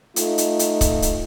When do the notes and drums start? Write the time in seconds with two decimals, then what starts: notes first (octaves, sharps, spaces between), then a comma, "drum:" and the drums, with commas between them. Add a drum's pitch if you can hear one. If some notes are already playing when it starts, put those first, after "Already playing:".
0.16 A3 D#4 F4, drum: hi-hat
0.38 drum: hi-hat
0.59 drum: hi-hat
0.81 drum: kick C#1, hi-hat
1.02 drum: hi-hat